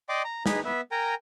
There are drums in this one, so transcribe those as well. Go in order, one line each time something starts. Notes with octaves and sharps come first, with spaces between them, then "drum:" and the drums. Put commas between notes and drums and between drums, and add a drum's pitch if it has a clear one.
D5 D#5 G5 C6 D6
A#5
D#4 G#4 B4, drum: snare
B3 B4 E5
A#4 G5 G#5 A#5